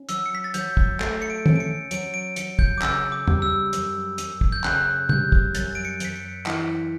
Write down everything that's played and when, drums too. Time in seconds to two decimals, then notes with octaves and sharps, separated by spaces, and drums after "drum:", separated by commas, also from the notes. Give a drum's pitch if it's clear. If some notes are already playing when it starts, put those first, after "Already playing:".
Already playing: C#4
0.09 F#3 E6, drum: hi-hat
0.26 C#7
0.35 B6
0.44 A6
0.54 F#3 G6, drum: hi-hat
0.77 drum: kick
1.00 A3 A6, drum: clap
1.22 C#7
1.30 D7
1.46 C#4, drum: tom
1.56 D7
1.60 C#7
1.91 F#3 D7, drum: hi-hat
2.14 D7
2.36 F#3 C#7, drum: hi-hat
2.59 G6, drum: kick
2.78 D6
2.82 C#3 E6, drum: clap
3.12 D6
3.27 G3, drum: tom
3.42 E6
3.73 F#2, drum: hi-hat
4.18 F#2, drum: hi-hat
4.41 drum: kick
4.52 G6
4.64 C#3 F#6, drum: clap
5.09 G3 G6, drum: tom
5.32 drum: kick
5.55 F#2 A6, drum: hi-hat
5.75 D7
5.85 C#7
6.00 F#2 B6, drum: hi-hat
6.16 C#7
6.46 E3 B6, drum: clap